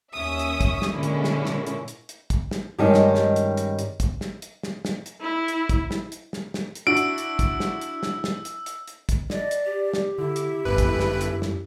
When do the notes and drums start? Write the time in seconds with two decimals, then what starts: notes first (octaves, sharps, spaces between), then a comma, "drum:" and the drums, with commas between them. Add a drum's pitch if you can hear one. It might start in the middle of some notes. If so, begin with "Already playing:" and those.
0.15 D#2 C#4 E5 D#6
0.39 drum: hi-hat
0.61 drum: kick, hi-hat
0.82 drum: snare
0.94 A#2 D3 G#3 C#4 E4
1.03 drum: hi-hat
1.24 drum: snare
1.45 drum: snare
1.67 drum: hi-hat
1.88 drum: hi-hat
2.09 drum: hi-hat
2.30 drum: kick, hi-hat
2.51 drum: snare
2.78 G2 D#3 G3 G#3 C#4 D#4
2.94 drum: snare
3.15 drum: snare
3.36 drum: hi-hat
3.57 drum: hi-hat
3.79 drum: hi-hat
4.00 drum: kick, hi-hat
4.21 drum: snare
4.42 drum: hi-hat
4.63 drum: snare
4.85 drum: snare
5.06 drum: hi-hat
5.21 E4
5.48 drum: hi-hat
5.69 drum: kick, hi-hat
5.91 drum: snare
6.12 drum: hi-hat
6.33 drum: snare
6.54 drum: snare
6.75 drum: hi-hat
6.87 D4 E4 F#4 E6 D7
6.97 drum: hi-hat
7.18 drum: hi-hat
7.39 drum: kick, hi-hat
7.60 drum: snare
7.81 drum: hi-hat
8.03 drum: snare
8.24 drum: snare
8.45 drum: hi-hat
8.66 drum: hi-hat
8.87 drum: hi-hat
9.09 drum: kick, hi-hat
9.30 D5 D#5, drum: snare
9.51 drum: hi-hat
9.66 G4
9.94 drum: snare
10.18 D3 E4
10.36 drum: hi-hat
10.65 G1 F#2 B4
10.78 drum: kick, hi-hat
11.00 drum: snare
11.21 drum: hi-hat
11.42 drum: snare